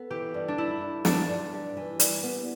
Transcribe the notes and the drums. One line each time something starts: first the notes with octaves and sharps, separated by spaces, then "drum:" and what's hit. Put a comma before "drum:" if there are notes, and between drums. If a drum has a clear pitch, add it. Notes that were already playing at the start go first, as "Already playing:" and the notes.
Already playing: B3 A4
E3 G4
G2
D4
G3 E4
G2
G2 D4, drum: snare
G2
G3
E3
G3, drum: hi-hat
B3